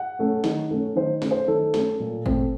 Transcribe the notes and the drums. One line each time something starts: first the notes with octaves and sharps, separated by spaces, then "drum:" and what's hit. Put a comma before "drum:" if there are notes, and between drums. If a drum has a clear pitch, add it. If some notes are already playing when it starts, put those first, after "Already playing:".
Already playing: F#5
A3 C#4
D#3, drum: snare
A3 C#4
D#3 C5
A3 C#4, drum: snare
C5
D#3 A4
A3 C#4, drum: snare
A#2
A3 C4, drum: kick G1